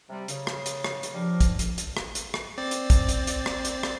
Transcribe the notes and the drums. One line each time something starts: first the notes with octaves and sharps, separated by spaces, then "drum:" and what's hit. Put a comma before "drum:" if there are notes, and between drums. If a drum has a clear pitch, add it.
C3 G3
C#3, drum: hi-hat
drum: rim click
drum: hi-hat
drum: rim click
drum: hi-hat
F3 D4 G4 A#4
drum: kick, hi-hat
drum: hi-hat
drum: hi-hat
drum: rim click
drum: hi-hat
drum: rim click
C4 D5 A6
drum: hi-hat
drum: kick, hi-hat
drum: hi-hat
drum: hi-hat
drum: rim click
drum: hi-hat
drum: rim click